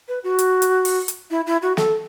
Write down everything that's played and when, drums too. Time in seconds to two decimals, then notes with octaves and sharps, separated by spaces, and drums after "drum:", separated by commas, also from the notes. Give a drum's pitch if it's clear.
0.08 B4
0.24 F#4
0.39 drum: hi-hat
0.62 drum: hi-hat
0.85 drum: open hi-hat
1.08 drum: hi-hat
1.31 E4
1.46 E4
1.62 F#4
1.77 A4, drum: snare